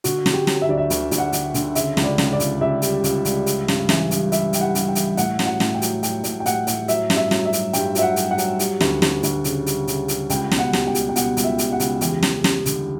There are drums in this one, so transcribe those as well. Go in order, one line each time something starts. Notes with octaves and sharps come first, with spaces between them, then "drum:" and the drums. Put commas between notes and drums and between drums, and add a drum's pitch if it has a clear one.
D3 F#4, drum: hi-hat
D3, drum: snare
G4
F#3, drum: snare
E5
D2 D5
E5
D2, drum: hi-hat
D2, drum: hi-hat
F#5
D2, drum: hi-hat
D3, drum: hi-hat
C#3 E5, drum: hi-hat
C#2, drum: snare
D5
C#2, drum: snare
D5
C#2, drum: hi-hat
C#2 E5
G3, drum: hi-hat
C#2, drum: hi-hat
C#2, drum: hi-hat
G3, drum: hi-hat
G2, drum: snare
E3, drum: snare
G2, drum: hi-hat
G3 E5, drum: hi-hat
E3 G5, drum: hi-hat
F#5
G2, drum: hi-hat
G5
E3, drum: hi-hat
A2 F#5, drum: hi-hat
F#3, drum: snare
F#5
A2, drum: snare
G5
F#3, drum: hi-hat
F#3 G5, drum: hi-hat
A2, drum: hi-hat
G5
A2 F#5, drum: hi-hat
A2, drum: hi-hat
F#3 E5, drum: hi-hat
G2, drum: snare
E5
F#3, drum: snare
E5
F#3, drum: hi-hat
G2 G5, drum: hi-hat
F#3 E5, drum: hi-hat
F#5
F#3, drum: hi-hat
F#5
F#3, drum: hi-hat
G3, drum: hi-hat
D2, drum: snare
D2, drum: snare
D2, drum: hi-hat
C#3, drum: hi-hat
G3, drum: hi-hat
C#3, drum: hi-hat
G3, drum: hi-hat
C#2 G5, drum: hi-hat
B2, drum: snare
F#5
G3, drum: snare
G5
G3, drum: hi-hat
G5
B2 F#5, drum: hi-hat
C#2, drum: hi-hat
E5
G3, drum: hi-hat
F#5
C#2, drum: hi-hat
E2 G4, drum: hi-hat
E2, drum: snare
G3, drum: snare
D3, drum: hi-hat